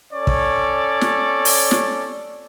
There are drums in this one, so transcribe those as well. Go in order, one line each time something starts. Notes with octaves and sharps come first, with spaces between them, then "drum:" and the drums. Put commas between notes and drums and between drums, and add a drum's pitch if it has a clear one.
C#4 A4 C#5 D5
drum: kick
drum: snare
drum: open hi-hat
drum: snare